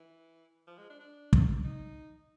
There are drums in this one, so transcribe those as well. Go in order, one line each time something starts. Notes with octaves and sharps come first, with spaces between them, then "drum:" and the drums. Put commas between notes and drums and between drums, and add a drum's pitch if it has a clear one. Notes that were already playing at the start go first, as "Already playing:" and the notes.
Already playing: E3
F3
G#3
D4
D4
drum: kick
D#4